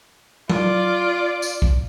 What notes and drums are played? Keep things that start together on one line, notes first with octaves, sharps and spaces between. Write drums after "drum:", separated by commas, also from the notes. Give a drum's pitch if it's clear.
F4 D5, drum: tom F#3
drum: tambourine
drum: kick